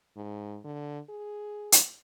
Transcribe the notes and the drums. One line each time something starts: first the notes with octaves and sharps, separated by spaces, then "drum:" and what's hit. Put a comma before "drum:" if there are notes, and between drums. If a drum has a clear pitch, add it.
G#2
D3
G#4
drum: hi-hat